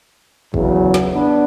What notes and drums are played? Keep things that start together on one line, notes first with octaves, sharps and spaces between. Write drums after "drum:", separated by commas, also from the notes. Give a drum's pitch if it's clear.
E2 C#3 F#3, drum: kick
drum: snare
B3 D4